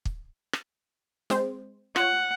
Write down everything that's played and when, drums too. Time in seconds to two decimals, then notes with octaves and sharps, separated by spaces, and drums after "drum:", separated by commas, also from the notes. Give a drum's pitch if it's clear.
0.05 drum: kick
0.53 drum: rim click
1.30 G#3 C4 C5, drum: snare
1.96 F4 C#5 F#5, drum: rim click